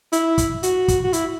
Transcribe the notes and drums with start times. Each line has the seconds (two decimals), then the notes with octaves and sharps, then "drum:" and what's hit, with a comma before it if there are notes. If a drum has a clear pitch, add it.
0.12 E4, drum: hi-hat
0.38 drum: kick, hi-hat
0.63 F#4, drum: hi-hat
0.88 drum: kick, hi-hat
1.04 F#4
1.13 E4, drum: hi-hat